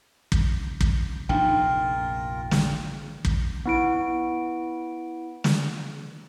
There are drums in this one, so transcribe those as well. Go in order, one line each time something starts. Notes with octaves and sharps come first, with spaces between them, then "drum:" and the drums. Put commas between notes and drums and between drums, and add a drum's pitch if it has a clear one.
drum: kick
drum: kick
F1 A#1 G#2 D4 D#4 F4 A#4 G5
drum: snare
drum: kick
B3 E4 D7
drum: snare